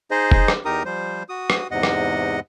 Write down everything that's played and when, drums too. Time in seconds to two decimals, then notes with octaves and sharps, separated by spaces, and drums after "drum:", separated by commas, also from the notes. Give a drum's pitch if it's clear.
0.11 D#4 G#4 C5 D#5
0.32 drum: kick F1
0.48 drum: rim click
0.65 E2 D#4 G4 A#4 A#5 D#6
0.85 F3 G3 C5
1.29 F#4 D#6
1.50 drum: rim click
1.71 E2 G#2 C3 D#5 F#5
1.83 drum: rim click